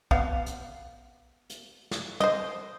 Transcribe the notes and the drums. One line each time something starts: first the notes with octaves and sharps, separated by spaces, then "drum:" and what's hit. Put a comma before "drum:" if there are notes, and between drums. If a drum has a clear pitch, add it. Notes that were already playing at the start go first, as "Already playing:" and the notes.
B3 F5, drum: kick
drum: hi-hat
drum: hi-hat
drum: snare
C5 D#5, drum: tom